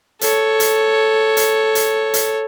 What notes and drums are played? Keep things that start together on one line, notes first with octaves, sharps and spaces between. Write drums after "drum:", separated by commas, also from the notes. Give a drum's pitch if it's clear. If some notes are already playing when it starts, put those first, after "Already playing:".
A4 C#5, drum: hi-hat
drum: hi-hat
drum: hi-hat
drum: hi-hat
drum: hi-hat